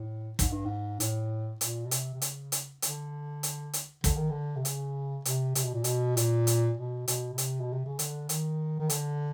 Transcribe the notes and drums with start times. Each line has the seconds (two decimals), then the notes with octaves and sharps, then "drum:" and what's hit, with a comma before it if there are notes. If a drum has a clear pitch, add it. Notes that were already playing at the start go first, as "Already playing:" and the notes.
Already playing: A2
0.39 G#2, drum: kick, hi-hat
0.53 G2
0.66 G#2
1.00 A2, drum: hi-hat
1.61 A#2, drum: hi-hat
1.86 B2
1.91 C3, drum: hi-hat
2.14 C3
2.22 C#3, drum: hi-hat
2.52 drum: hi-hat
2.82 D3, drum: hi-hat
3.43 drum: hi-hat
3.73 drum: hi-hat
4.04 D3, drum: kick, hi-hat
4.17 D#3
4.30 D3
4.56 C3
4.65 C#3, drum: hi-hat
5.25 C3, drum: hi-hat
5.55 C3, drum: hi-hat
5.65 B2
5.74 A#2
5.84 B2, drum: hi-hat
6.17 A#2, drum: hi-hat
6.47 drum: hi-hat
6.77 B2
7.08 B2, drum: hi-hat
7.33 B2
7.38 C3, drum: hi-hat
7.61 B2
7.73 C3
7.86 C#3
7.99 D3, drum: hi-hat
8.29 D#3, drum: hi-hat
8.80 D#3
8.90 D3, drum: hi-hat